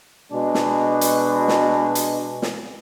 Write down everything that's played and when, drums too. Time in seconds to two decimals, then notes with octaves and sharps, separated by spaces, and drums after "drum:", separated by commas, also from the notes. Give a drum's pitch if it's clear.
0.31 B2 G#3 D4
0.54 drum: snare
1.01 drum: hi-hat
1.48 drum: snare
1.95 drum: hi-hat
2.42 drum: snare